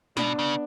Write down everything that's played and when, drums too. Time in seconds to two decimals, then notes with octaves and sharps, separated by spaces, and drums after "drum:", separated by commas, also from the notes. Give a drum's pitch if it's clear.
0.17 B2 B3 D4, drum: snare
0.39 C#3